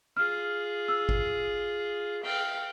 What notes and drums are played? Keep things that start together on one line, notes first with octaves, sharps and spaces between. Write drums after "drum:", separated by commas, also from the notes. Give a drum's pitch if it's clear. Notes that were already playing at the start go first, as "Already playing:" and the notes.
F4 G#4 F6
E6
drum: kick G#1
F5 G5, drum: cymbal